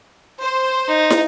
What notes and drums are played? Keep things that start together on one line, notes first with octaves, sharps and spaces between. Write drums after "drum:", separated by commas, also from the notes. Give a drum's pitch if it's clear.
C5
D#4
drum: snare